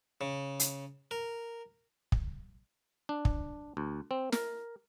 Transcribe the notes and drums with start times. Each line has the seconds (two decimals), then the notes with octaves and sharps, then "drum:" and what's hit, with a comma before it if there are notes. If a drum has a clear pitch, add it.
0.21 C#3
0.60 drum: hi-hat
1.11 A#4
2.12 drum: kick
3.09 D4
3.25 drum: kick
3.77 D2
4.11 C4
4.32 A#4, drum: snare